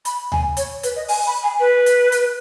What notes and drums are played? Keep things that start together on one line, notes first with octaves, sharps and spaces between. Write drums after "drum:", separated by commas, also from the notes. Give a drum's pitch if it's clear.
B5, drum: hi-hat
G#5, drum: tom D2
C#5, drum: hi-hat
B4, drum: hi-hat
D#5
G#5, drum: open hi-hat
B5
G#5
B4
drum: hi-hat
drum: hi-hat